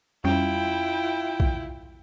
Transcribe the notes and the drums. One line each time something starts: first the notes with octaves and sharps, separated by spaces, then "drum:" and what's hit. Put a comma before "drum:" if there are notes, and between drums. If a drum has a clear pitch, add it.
F2 G3 C#4 E4 F4 G5
drum: kick A#1